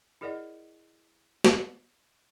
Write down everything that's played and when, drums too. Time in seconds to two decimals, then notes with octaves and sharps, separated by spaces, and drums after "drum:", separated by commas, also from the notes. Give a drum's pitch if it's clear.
0.21 E4 G#4 A#4 D5 D#5 F#5
1.44 drum: snare